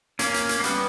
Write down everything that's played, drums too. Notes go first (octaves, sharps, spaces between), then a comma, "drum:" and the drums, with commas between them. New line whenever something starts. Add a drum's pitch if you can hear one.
A#3 C#4, drum: hi-hat
drum: hi-hat
drum: hi-hat
A#3
G3 B3, drum: hi-hat